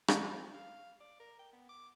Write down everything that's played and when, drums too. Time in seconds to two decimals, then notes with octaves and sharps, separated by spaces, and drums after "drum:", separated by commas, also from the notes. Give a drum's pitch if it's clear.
0.08 drum: rim click
0.22 C4
0.54 F5
1.00 D5
1.20 A#4
1.39 G5
1.52 B3
1.69 D6